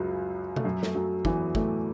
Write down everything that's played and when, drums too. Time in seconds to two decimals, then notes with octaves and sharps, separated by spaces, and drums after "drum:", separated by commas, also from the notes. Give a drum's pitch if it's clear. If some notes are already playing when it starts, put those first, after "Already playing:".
Already playing: C#2 F#2 C#3 F#3
0.56 A3, drum: tom B2
0.64 F#2 F#3
0.83 A3, drum: snare
0.95 F#2 F#3
1.25 E2 E3, drum: kick
1.55 A2 A3, drum: kick